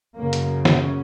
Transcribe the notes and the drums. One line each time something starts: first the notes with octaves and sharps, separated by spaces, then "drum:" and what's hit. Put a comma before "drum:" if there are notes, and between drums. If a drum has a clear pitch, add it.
F#2 C#3 A#3
drum: hi-hat
C#4, drum: snare